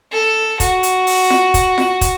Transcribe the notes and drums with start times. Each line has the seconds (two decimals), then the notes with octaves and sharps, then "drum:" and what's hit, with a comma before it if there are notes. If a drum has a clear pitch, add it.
0.12 A4
0.60 F#4, drum: kick, hi-hat
0.83 drum: hi-hat
1.07 drum: open hi-hat
1.30 drum: snare F4
1.54 drum: kick, hi-hat
1.78 drum: snare F4
2.01 drum: kick, hi-hat